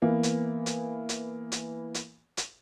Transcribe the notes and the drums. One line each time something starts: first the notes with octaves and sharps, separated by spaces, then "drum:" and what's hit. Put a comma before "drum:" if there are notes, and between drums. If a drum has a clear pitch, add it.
E3 A#3 B3
drum: hi-hat
drum: hi-hat
drum: hi-hat
drum: hi-hat
drum: hi-hat
drum: hi-hat